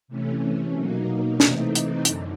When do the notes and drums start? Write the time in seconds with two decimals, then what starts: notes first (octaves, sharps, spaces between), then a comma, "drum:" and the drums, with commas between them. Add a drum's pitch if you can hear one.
0.08 C3 E3 A3 C#4
0.74 B2 F#3 A#3 D#4
1.40 C3 E3 A3 C4 D#4, drum: snare
1.75 drum: hi-hat
2.05 F#2 D3, drum: hi-hat